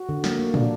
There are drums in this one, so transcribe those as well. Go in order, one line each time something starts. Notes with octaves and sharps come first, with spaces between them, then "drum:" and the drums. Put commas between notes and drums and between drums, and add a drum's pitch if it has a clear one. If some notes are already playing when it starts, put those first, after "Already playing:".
Already playing: F#4
D3
A#3, drum: snare
A#3
A#2 D4, drum: tom